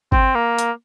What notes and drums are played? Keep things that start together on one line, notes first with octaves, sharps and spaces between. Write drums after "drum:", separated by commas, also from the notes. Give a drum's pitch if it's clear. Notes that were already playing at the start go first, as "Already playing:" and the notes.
C4, drum: kick G#1
A#3
drum: hi-hat